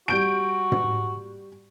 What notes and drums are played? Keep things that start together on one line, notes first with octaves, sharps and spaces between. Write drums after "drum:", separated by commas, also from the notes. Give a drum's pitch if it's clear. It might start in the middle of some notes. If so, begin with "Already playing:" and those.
G3 F#4 G6 D7
drum: tom